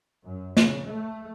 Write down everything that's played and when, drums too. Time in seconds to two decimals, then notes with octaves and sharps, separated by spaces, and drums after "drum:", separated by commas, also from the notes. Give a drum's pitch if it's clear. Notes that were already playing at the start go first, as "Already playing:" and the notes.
0.23 F#2
0.57 C#3, drum: snare
0.86 A3